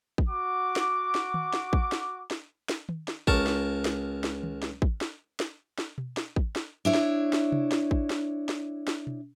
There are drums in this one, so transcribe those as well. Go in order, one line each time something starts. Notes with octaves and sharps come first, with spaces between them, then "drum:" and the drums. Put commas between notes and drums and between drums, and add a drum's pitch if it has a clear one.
drum: kick
F#4 D6
drum: snare
drum: snare
drum: tom D#3
drum: snare
drum: kick
drum: snare
drum: snare
drum: snare
drum: tom D#3
drum: snare
C#2 A#4 A5 C#6, drum: kick
drum: snare
drum: snare
drum: snare
drum: tom D#3
drum: snare
drum: kick
drum: snare
drum: snare
drum: snare
drum: tom B2
drum: snare
drum: kick
drum: snare
D4 E4 C#5
drum: snare
drum: snare
drum: tom C3
drum: snare
drum: kick
drum: snare
drum: snare
drum: snare
drum: tom B2